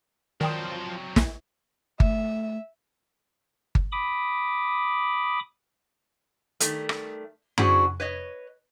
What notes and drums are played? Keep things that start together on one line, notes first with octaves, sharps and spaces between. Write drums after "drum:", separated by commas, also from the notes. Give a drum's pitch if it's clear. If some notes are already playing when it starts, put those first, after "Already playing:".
D#3 F3 F#3 C4 C5 D5 G5 D#6
drum: snare
A3 E5, drum: kick G1
drum: kick G1
B5 D6 D#6
D#3 G3 A3, drum: hi-hat
drum: rim click
C#4 D4 E4 F#4 G#4 C5, drum: tom F#2
B4 C#5 D#5